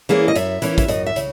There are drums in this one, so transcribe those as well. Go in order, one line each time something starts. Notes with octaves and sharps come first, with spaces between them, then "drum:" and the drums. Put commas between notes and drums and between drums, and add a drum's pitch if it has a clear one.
E3 A#3 C#4 G#4
D#5
F#2 E5, drum: hi-hat
E3 A#3 C#4, drum: hi-hat
E5, drum: kick, hi-hat
F#2 D#5, drum: hi-hat
E5
C#3, drum: hi-hat